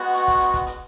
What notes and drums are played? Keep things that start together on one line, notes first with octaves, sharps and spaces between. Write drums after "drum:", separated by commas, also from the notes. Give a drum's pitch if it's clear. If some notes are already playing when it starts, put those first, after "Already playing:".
Already playing: G#3 B3 F#4
C#6, drum: hi-hat
drum: kick, hi-hat
drum: hi-hat
drum: kick, hi-hat
drum: hi-hat